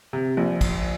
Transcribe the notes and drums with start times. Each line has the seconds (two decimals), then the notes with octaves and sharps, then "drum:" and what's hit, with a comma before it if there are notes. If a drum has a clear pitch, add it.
0.13 C3
0.37 A#1
0.61 drum: kick, cymbal